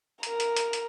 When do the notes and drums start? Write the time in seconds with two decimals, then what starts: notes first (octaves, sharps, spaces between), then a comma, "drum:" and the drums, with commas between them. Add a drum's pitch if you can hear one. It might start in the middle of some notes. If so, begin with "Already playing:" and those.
0.23 A#4 A#5, drum: hi-hat
0.40 drum: hi-hat
0.56 drum: hi-hat
0.73 drum: hi-hat